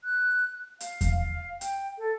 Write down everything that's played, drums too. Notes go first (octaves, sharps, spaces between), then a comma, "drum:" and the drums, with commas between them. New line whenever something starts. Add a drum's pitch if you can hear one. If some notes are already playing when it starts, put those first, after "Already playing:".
F#6
F5, drum: hi-hat
drum: kick E2, hi-hat
F5
G5, drum: hi-hat
A4